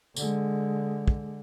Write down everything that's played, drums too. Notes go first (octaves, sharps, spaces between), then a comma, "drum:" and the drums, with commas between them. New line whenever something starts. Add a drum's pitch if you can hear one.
D3 G#3, drum: tambourine
drum: kick